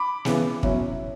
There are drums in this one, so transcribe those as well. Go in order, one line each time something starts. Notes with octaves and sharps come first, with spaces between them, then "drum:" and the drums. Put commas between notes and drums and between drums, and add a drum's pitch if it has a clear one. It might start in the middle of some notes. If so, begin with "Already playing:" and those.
Already playing: B5 D6
C#3 E3 B3, drum: snare
B2 F#3 C#4 E4, drum: kick